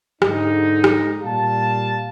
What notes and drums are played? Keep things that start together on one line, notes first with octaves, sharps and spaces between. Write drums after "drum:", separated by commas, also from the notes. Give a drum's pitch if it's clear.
G#2 D3 D#4, drum: rim click
drum: rim click
A#2 G3 F5 A5